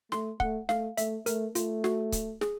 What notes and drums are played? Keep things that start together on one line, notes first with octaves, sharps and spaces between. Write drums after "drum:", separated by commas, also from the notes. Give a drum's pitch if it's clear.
A3 C6, drum: snare
A3 F#5, drum: kick C#1
A3 F5, drum: snare
A3 E5, drum: hi-hat
A3 A#4, drum: hi-hat
A3 F4, drum: hi-hat
F#4, drum: snare
drum: kick C#1, hi-hat
G#4, drum: snare